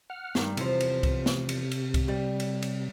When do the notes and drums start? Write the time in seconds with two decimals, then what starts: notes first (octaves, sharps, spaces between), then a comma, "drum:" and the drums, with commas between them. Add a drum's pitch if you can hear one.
0.10 F#5 F6
0.35 G2 D#3, drum: snare
0.57 E2 C3 F3, drum: cymbal
0.81 drum: cymbal
1.03 drum: kick C2, cymbal
1.26 drum: snare
1.49 drum: cymbal
1.71 drum: cymbal
1.94 drum: kick C2, cymbal
2.08 G3
2.40 drum: cymbal
2.62 drum: cymbal